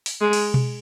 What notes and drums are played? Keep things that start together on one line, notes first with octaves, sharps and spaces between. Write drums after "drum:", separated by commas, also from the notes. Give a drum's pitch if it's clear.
drum: open hi-hat
G#3
drum: cymbal
drum: tom B2